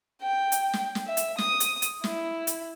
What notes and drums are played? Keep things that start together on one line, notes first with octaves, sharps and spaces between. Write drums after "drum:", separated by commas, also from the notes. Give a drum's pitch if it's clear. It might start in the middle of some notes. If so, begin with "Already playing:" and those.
G5
drum: hi-hat
drum: snare
drum: snare
E5
drum: hi-hat
D#6, drum: snare
drum: hi-hat
drum: hi-hat
E4, drum: snare
drum: hi-hat